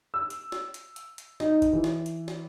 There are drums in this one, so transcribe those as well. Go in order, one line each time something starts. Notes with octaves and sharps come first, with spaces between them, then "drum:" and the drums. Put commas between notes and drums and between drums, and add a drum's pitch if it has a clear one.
E6
drum: hi-hat
drum: snare
drum: hi-hat
drum: hi-hat
drum: hi-hat
D#4, drum: snare
drum: kick G1, hi-hat
E3
drum: snare
drum: hi-hat
drum: snare